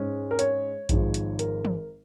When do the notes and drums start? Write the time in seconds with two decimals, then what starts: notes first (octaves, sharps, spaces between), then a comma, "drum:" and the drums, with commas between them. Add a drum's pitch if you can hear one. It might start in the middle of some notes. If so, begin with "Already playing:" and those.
Already playing: G#2 G#3 C#4
0.31 A#4
0.39 C#5, drum: hi-hat
0.89 G#1 G#2 F3, drum: kick A#1, hi-hat
1.14 drum: hi-hat
1.39 A#4, drum: hi-hat
1.65 drum: tom